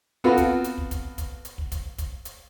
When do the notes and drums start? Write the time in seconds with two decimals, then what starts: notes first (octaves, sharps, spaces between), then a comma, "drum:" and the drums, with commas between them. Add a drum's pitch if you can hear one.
0.24 B3 C4 F4 F#4 A4 B4
0.37 drum: kick, hi-hat
0.64 drum: hi-hat
0.78 drum: kick
0.91 drum: kick, hi-hat
1.18 drum: kick, hi-hat
1.45 drum: hi-hat
1.58 drum: kick
1.72 drum: kick, hi-hat
1.98 drum: kick, hi-hat
2.25 drum: hi-hat